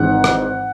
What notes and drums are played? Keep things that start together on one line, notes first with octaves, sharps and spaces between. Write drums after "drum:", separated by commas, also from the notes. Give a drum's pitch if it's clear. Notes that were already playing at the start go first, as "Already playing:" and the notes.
Already playing: G#1 G#2 E3 F#5
drum: rim click